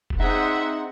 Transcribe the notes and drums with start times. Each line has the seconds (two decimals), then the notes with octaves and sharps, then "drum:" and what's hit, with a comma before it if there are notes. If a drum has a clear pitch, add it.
0.10 drum: kick F1
0.20 C4 D#4 G#4 C5 E5 F#5